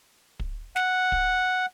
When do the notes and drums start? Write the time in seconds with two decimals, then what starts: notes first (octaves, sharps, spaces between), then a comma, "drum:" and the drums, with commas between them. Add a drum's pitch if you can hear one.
0.40 drum: kick
0.76 F#5, drum: snare
1.12 drum: kick